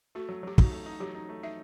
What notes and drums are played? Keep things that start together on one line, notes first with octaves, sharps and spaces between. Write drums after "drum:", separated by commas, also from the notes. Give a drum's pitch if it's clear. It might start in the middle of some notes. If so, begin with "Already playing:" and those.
A3 F#4
F#3
F#3 G4
D#4 F#4, drum: kick
A3
D#4
F#3 G4
D#4
A3
D#4 E5